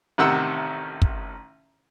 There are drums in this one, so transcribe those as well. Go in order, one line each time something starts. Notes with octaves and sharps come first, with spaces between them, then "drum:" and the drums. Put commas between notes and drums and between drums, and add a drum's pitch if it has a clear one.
A1 C3 D#3 F#5 E6
drum: kick